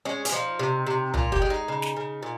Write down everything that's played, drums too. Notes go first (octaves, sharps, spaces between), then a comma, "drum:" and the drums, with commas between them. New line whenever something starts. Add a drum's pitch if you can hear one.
G#3 C#4
C#4, drum: hi-hat
F3 D#4
C3
C3
A#2 F4, drum: tom C2
G4, drum: kick
G#3
D#4
C#3
drum: snare
C#3
A#2